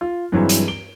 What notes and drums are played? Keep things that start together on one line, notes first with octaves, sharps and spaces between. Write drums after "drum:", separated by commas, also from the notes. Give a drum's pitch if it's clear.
F4
G2 E3 F#3 G#3 C4 E4
drum: hi-hat
D7 G7